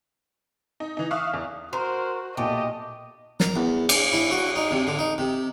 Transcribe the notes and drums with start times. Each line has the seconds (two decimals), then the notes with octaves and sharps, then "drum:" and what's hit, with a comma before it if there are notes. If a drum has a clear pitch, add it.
0.80 D#4
0.97 E3 D#4
1.11 E5 F5 C#6 D#6 F6 F#6
1.33 E2
1.73 F#4 A#4 C5 C6
2.37 B1 A#2 A3 G4 D#5
3.40 A#4, drum: snare
3.56 E2
3.89 D5, drum: cymbal
4.13 E4
4.31 F#4
4.56 D#4
4.71 C3
4.87 D3
4.99 D#4
5.18 C3